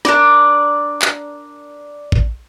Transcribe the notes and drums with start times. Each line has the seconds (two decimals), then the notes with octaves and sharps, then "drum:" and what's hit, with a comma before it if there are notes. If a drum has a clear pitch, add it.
0.05 D4 A#4 D5, drum: snare
1.02 drum: clap
2.12 drum: kick